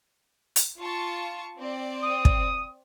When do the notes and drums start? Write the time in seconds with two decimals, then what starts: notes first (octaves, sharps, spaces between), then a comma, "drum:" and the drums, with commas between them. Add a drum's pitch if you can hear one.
0.56 drum: hi-hat
0.79 F4 A5 C#6
1.57 C4 D5
2.03 D#6
2.25 drum: kick